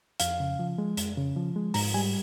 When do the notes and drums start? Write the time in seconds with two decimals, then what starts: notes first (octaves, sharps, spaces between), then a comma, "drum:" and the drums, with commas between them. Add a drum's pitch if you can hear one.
0.20 F2 F5, drum: hi-hat
0.40 C#3
0.59 F3
0.78 G#3
0.97 F2, drum: hi-hat
1.17 C#3
1.36 F3
1.56 G#3
1.74 G#2 A#5, drum: open hi-hat
1.94 G3 G#5